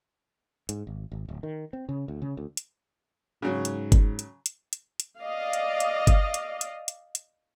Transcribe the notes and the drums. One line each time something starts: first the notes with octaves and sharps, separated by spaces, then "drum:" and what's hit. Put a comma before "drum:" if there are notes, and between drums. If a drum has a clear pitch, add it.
G#2, drum: hi-hat
G#1
G#1
D1
D#3
C4
C#3
D2
C#3
D2
drum: hi-hat
G#2 C#3 F#3
drum: hi-hat
drum: kick G1, hi-hat
drum: hi-hat
drum: hi-hat
drum: hi-hat
drum: hi-hat
D5 D#5 F5
drum: hi-hat
drum: hi-hat
drum: kick G1, hi-hat
drum: hi-hat
drum: hi-hat
drum: hi-hat
drum: hi-hat